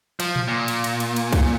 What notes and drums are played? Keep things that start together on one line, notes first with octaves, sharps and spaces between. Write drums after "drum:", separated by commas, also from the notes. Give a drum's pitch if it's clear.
F3, drum: cymbal
drum: tom A#2
A#2
drum: cymbal
drum: cymbal
drum: cymbal
drum: cymbal
drum: kick C2, cymbal